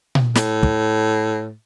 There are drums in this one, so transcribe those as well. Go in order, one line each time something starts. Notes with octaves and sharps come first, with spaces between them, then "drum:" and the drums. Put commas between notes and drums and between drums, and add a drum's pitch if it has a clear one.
drum: tom A#2
A2, drum: snare
drum: kick